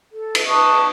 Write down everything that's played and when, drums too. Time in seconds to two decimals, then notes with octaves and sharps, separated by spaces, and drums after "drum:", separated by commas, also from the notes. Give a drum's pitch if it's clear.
0.11 A4
0.35 drum: cymbal
0.47 B4 A5 C#6 D#6